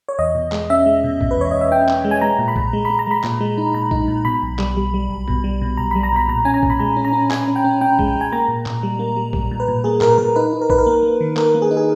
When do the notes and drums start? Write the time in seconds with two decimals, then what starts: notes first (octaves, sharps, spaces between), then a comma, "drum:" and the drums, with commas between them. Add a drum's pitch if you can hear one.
0.09 C#5
0.19 E2 D#5
0.35 B2
0.52 G#3, drum: clap
0.70 C#4 E5
0.86 G#3
1.04 B2
1.21 B2, drum: kick A#1
1.31 B4
1.37 E2 C#5
1.51 E2 D#5
1.61 E5
1.72 C#4 G5
1.88 C#4, drum: clap
2.04 G#3
2.11 G#5
2.21 G#3 A#5
2.39 A#2
2.48 B5
2.56 A#2, drum: kick A#1
2.73 G#3
2.85 G#3 B5
2.99 A#5
3.07 G#3 B5
3.23 A#2, drum: clap
3.41 G#3
3.58 D#4
3.74 A#2 A#5
3.91 D#4, drum: kick A#1
4.08 A#2
4.25 B2 B5
4.42 B1
4.59 G3, drum: clap
4.77 G3
4.94 G3
5.09 B1
5.28 B2, drum: kick A#1
5.44 G3
5.62 B2
5.77 B1 A#5
5.91 G3 B5
6.03 A#5
6.12 B2 B5
6.28 A#2 A#5
6.45 C#4 G#5
6.54 A#5
6.63 A#2, drum: kick A#1
6.70 B5
6.79 G#3 A#5
6.97 C#4
7.05 A#5
7.13 C#4
7.31 C#4 G#5, drum: clap
7.48 C#4
7.56 G5
7.64 C#4
7.81 C#4 G5
7.99 G#3, drum: kick A#1
8.16 G#3
8.21 G#5
8.32 A#3 A#5
8.48 A#2
8.66 A#2, drum: clap
8.83 G3
8.99 A#3
9.16 G3
9.33 G3, drum: kick A#1
9.51 A#2
9.60 B4
9.68 A#2
9.84 A#3 G#4
10.01 A#2 A#4, drum: clap
10.18 A#2 A#4
10.36 D#4 B4
10.53 D#4
10.61 A#4
10.70 D#4 B4, drum: kick A#1
10.78 A#4
10.86 A#3
11.03 A#3
11.21 D#3
11.37 A#3 A#4, drum: clap
11.55 A#3
11.62 G#4
11.71 D#4
11.77 G#4